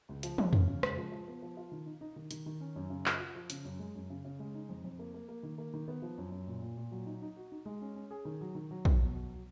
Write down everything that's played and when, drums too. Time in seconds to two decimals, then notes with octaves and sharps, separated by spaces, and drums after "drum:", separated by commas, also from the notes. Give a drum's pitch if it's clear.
0.09 C#2
0.23 F3, drum: hi-hat
0.38 G#3, drum: tom
0.53 C#4, drum: tom
0.68 C#3
0.83 G#3, drum: rim click
0.97 F3
1.12 F3
1.28 B3
1.42 F3
1.57 F4
1.71 D#3
1.86 D#4
2.01 D#4
2.16 D#3
2.31 D#3, drum: hi-hat
2.46 D#3
2.61 C#4
2.76 F#2
2.90 C#3
3.06 F4, drum: clap
3.20 F4
3.35 F3
3.50 C#3, drum: hi-hat
3.65 F#2
3.79 G#3
3.95 F#2
4.10 C#3
4.25 C#3
4.39 G#3
4.54 D#4
4.69 F2
4.84 F2
4.99 A#3
5.14 A#3
5.28 A#3
5.43 D#3
5.58 A#3
5.73 D#3
5.88 B3
6.02 F3
6.18 F#2
6.32 F#2
6.47 A#2
6.62 A#2
6.77 A#2
6.91 F#3
7.06 D#4
7.22 D#4
7.37 F#4
7.52 D#4
7.65 G#3
7.81 C#4
7.95 C#4
8.11 G#4
8.25 D#3
8.41 F#3
8.55 D#3
8.71 F#3
8.85 F#3, drum: kick
8.99 B2
9.14 F#3